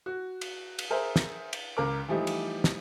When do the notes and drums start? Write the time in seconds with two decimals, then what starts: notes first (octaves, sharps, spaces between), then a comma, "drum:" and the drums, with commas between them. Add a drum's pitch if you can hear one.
0.06 F#4
0.41 drum: cymbal
0.79 drum: cymbal
0.90 G#4 A#4 C5 E5
1.16 drum: snare
1.53 drum: cymbal
1.77 C#2 A#4 D6
2.08 E3 F3 G3 A3 D#4
2.27 drum: cymbal
2.64 drum: snare